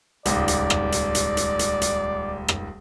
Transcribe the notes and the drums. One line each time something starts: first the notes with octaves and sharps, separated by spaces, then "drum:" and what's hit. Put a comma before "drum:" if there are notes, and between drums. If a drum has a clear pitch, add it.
D#1 C#2 G#2 D5, drum: hi-hat
drum: hi-hat
drum: rim click
drum: hi-hat
drum: hi-hat
drum: hi-hat
drum: hi-hat
drum: hi-hat
drum: rim click